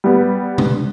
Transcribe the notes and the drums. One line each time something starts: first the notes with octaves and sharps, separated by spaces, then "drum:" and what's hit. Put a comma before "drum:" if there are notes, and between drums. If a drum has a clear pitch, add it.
G3 B3
drum: tom